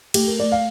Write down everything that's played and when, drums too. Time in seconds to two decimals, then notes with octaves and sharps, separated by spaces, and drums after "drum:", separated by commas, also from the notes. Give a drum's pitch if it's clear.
0.14 A3 G4, drum: cymbal
0.27 A#4
0.39 A3 D5
0.52 F5